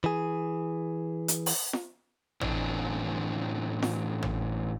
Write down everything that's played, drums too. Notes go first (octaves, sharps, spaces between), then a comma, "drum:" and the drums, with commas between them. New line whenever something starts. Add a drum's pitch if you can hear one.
E3 G#4
drum: hi-hat
drum: open hi-hat
drum: snare
A2 E3 C4 D4 D#4, drum: tom
drum: snare
drum: tom